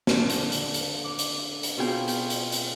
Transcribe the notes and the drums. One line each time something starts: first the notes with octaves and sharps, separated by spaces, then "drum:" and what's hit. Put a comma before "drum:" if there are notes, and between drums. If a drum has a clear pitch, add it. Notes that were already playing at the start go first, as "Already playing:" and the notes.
D3, drum: snare
drum: hi-hat
drum: hi-hat
drum: hi-hat
D6
drum: hi-hat
drum: hi-hat
B2 C4 F4 G#4 G5
drum: hi-hat
drum: hi-hat
drum: hi-hat